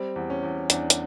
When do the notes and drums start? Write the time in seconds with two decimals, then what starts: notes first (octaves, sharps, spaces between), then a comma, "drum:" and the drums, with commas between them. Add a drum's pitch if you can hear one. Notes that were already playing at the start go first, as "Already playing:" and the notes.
Already playing: G3 C4
0.16 E2
0.30 C#4
0.43 E2
0.70 E2 D4, drum: hi-hat
0.90 drum: hi-hat